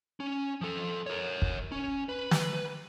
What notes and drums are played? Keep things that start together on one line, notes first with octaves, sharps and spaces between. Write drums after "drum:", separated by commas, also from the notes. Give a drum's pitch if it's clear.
C#4
F3 A4
A#4 C#5
drum: kick
C#4
B4
drum: snare